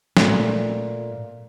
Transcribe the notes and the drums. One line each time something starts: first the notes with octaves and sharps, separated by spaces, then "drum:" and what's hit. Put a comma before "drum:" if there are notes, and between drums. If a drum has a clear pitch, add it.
A#2 A3, drum: snare